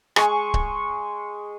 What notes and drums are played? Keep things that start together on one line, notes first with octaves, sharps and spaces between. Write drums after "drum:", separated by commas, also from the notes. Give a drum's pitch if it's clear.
G#3 C#6, drum: rim click
drum: kick C#1